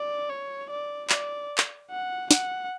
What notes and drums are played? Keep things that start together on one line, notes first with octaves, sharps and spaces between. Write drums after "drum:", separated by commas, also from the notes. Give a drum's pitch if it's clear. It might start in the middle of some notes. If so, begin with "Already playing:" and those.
Already playing: D5
C#5
D5
D5, drum: clap
drum: clap
F#5
F#5, drum: snare